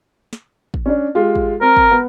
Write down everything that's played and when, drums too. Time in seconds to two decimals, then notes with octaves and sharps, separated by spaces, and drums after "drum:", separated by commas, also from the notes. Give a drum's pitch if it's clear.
0.33 drum: snare
0.74 drum: kick
0.86 C#4 D4
1.15 G#3 F4 G4
1.35 drum: kick
1.61 C4 A#4
1.76 drum: kick
1.91 B3